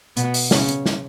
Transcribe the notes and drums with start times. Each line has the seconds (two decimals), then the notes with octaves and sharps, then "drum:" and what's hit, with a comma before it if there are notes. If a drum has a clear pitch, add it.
0.17 B2 B3, drum: hi-hat
0.34 drum: open hi-hat
0.51 C#3 C#4, drum: snare
0.68 drum: hi-hat
0.86 drum: snare